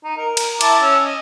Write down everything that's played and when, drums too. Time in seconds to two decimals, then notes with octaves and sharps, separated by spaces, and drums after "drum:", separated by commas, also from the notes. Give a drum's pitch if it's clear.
0.04 D#4
0.17 A#4
0.37 drum: cymbal
0.61 E4 A5 D6, drum: cymbal
0.81 C#4 E6
1.02 D#5